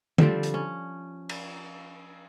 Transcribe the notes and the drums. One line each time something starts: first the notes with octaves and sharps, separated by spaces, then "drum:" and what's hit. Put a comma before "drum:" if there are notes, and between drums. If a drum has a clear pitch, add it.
D3 F3 G3 C4, drum: tom D3
drum: hi-hat
C#4
drum: cymbal